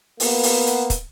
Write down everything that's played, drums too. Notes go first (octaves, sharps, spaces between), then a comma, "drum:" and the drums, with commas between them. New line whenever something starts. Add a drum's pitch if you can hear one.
A#3 B3, drum: open hi-hat
drum: open hi-hat
drum: hi-hat
drum: kick, hi-hat